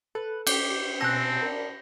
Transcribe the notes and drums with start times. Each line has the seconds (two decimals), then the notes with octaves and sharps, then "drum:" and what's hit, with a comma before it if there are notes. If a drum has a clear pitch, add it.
0.15 A4 B4
0.47 G4 D5 G6 G7, drum: cymbal
1.01 B2 C4 G#5 A5 E6 F#6 A#6
1.42 A#4 D5